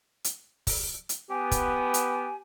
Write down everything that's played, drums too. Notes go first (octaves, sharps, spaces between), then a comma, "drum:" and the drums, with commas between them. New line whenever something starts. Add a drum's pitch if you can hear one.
drum: hi-hat
drum: kick, open hi-hat
drum: hi-hat
B3 G4 G#5
drum: kick, hi-hat
drum: hi-hat